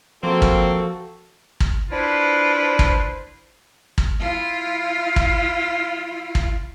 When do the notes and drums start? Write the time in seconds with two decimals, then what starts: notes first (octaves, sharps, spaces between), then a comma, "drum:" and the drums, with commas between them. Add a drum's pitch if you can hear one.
0.23 F3 A#3 C4 F#4 A4
0.42 drum: kick
1.60 drum: kick
1.90 D4 E4 F4 B4 C5
2.79 drum: kick
3.98 drum: kick
4.19 E4 F4
5.16 drum: kick
6.35 drum: kick